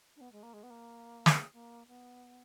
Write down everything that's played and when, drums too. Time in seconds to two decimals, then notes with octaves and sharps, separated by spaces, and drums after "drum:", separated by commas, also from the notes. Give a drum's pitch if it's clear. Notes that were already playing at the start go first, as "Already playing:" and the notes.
0.16 D4
0.21 B3
0.32 G#3
0.43 A#3
0.53 G#3
0.63 B3
0.70 A#3
1.26 drum: snare
1.53 A#3
1.87 B3